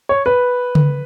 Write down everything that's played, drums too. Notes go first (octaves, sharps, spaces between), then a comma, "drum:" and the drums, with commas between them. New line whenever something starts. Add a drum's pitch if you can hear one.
C#5
B4
drum: tom C#3